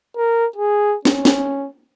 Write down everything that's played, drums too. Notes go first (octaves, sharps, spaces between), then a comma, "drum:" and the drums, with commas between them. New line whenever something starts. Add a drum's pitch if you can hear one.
A#4
G#4
C#4, drum: snare
drum: snare